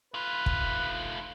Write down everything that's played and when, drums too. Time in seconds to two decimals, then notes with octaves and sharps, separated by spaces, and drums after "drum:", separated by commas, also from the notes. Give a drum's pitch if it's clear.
0.14 A3 F4 B4
0.46 drum: kick